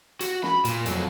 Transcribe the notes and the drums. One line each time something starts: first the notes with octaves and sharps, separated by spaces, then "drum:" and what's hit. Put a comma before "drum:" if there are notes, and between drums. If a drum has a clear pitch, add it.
F#4, drum: hi-hat
B5, drum: snare
A#2, drum: hi-hat
F2 F#3, drum: hi-hat